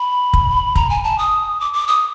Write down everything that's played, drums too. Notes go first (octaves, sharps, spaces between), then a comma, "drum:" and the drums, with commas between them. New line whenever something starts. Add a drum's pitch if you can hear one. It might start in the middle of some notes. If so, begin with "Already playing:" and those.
Already playing: B5
drum: kick
A#5, drum: kick
G#5
A5
D#6
D6
D6
D#6